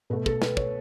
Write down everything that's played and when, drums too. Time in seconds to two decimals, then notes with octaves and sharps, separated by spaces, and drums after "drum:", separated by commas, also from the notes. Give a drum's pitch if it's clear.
0.10 B2 A3 B4
0.26 A4, drum: kick
0.42 B4, drum: snare
0.57 C#5, drum: kick